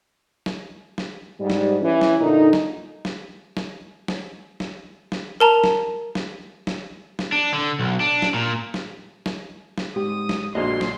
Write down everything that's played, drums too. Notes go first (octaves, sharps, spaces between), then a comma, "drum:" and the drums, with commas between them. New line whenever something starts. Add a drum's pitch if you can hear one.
drum: snare
drum: snare
G#2 G3
drum: snare
E3 C#4
drum: snare
A#2 D3 D#4
drum: snare
drum: snare
drum: snare
drum: snare
drum: snare
drum: snare
A#4 A5 A#5
drum: snare
drum: snare
drum: snare
drum: snare
D4
D3
B1
D4
drum: snare
A#2
drum: snare
drum: snare
drum: snare
G#2 G4 D#6
drum: snare
A#1 A#2 D3 G#3 F#4 D5 D#5 C6
drum: snare